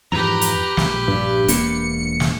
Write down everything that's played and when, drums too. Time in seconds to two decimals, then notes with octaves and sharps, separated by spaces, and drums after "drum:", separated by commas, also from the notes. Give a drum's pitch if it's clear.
0.12 F2 G#2 E3 G4 B4 A#5
0.41 drum: hi-hat
0.77 A#1, drum: snare
1.08 G2
1.48 E1 A#3 D4 C#7, drum: hi-hat
2.20 drum: snare